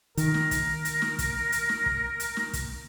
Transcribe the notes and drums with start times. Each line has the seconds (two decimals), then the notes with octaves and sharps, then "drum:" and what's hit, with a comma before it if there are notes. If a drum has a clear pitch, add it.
0.17 D#3 A#4, drum: hi-hat
0.34 drum: snare
0.51 drum: kick, hi-hat
0.85 drum: hi-hat
1.02 drum: snare
1.19 drum: kick, hi-hat
1.52 drum: hi-hat
1.69 drum: snare
1.86 drum: kick
2.20 drum: hi-hat
2.37 drum: snare
2.53 drum: kick, hi-hat